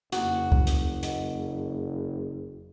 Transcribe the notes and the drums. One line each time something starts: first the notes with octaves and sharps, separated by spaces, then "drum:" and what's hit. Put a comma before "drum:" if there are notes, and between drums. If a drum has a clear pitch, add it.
F#1 F2 A#3 F#4 D#6, drum: hi-hat
drum: kick C#2
drum: hi-hat
D#5 F#5, drum: hi-hat